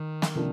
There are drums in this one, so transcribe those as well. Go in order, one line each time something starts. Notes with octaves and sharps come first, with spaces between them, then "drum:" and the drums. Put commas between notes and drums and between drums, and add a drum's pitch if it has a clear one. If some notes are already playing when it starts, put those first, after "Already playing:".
Already playing: D#3
drum: snare
C3 F3 A#3 D4